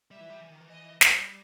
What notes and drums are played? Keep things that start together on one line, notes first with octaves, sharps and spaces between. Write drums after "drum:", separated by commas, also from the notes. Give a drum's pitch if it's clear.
G3 E5
E3
G3
E3
D#3
E3
D#5
G3, drum: snare